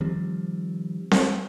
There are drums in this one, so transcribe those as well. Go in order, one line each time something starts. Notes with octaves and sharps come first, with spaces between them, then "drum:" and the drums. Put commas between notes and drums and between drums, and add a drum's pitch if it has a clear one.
D#3 F3 G3 C4
drum: snare C4